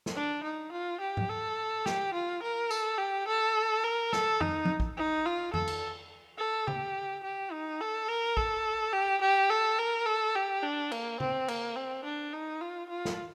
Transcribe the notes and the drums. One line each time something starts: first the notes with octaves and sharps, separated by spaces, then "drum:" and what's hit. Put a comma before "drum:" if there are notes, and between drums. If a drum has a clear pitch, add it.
drum: snare
D4
D#4
F4
G4
drum: tom G#2
A4
G4, drum: snare
F4
A#4
A4, drum: tambourine
G4
A4
A#4
A4, drum: snare
D#4, drum: tom F2
drum: tom F3
drum: kick A#1
D#4
F4
A4, drum: tom F2
drum: cymbal
A4
G4, drum: tom C#3
G4
D#4
A4
A#4
A4, drum: kick A#1
G4
G4
A4
A#4
A4
G4
D4
A#3, drum: cymbal
C4, drum: tom C#3
A#3, drum: cymbal
C4
D4
D#4
F4
F4
drum: snare